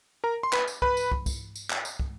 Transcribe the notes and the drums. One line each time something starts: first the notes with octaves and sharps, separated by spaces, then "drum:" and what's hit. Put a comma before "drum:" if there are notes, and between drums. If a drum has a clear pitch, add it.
A#4 A#5
C6
B4 B5, drum: clap
drum: tambourine
B4 B5, drum: kick
drum: tambourine
drum: kick
drum: kick, tambourine
drum: tambourine
drum: clap
drum: tambourine
drum: kick